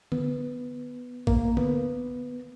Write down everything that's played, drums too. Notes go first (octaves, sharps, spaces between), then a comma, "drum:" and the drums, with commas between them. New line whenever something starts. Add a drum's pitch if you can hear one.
B3, drum: tom D3
A#3, drum: kick
B3, drum: tom D3